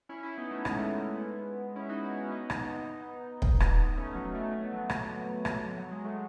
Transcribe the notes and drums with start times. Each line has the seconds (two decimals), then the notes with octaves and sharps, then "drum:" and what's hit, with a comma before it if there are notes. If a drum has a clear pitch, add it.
0.09 C#4 E4
0.23 C#4 E4
0.38 B3 D#4
0.51 A3 C#4
0.65 G#3 B3, drum: rim click
1.76 C#4 E4
1.89 D#4 F#4
2.04 C#4 E4
2.17 C#4 E4
2.31 B3 D#4
2.50 drum: rim click
3.42 drum: kick
3.60 drum: rim click
3.97 A3 C#4
4.15 F#3 A3
4.34 F#3 A3
4.53 A3
4.62 B3
4.72 F#3 A3
4.90 drum: rim click
5.45 drum: rim click
5.77 F#3
5.91 G#3
6.04 F#3 A3